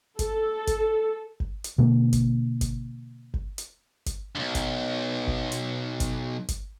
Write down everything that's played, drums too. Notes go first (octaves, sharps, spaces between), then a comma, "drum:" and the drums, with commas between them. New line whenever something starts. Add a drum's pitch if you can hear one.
A4, drum: kick G#1, hi-hat
drum: kick G#1, hi-hat
drum: kick G#1
drum: hi-hat
B2 D3 A#3
drum: kick G#1, hi-hat
drum: kick G#1, hi-hat
drum: kick G#1
drum: hi-hat
drum: kick G#1, hi-hat
B1 G2
drum: kick G#1, hi-hat
drum: kick G#1
drum: hi-hat
drum: kick G#1, hi-hat
drum: kick G#1, hi-hat